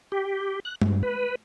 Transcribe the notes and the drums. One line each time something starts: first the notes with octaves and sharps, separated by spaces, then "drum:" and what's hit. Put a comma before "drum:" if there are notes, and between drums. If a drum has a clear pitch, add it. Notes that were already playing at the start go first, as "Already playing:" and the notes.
G4
F#6
G2, drum: tom
B4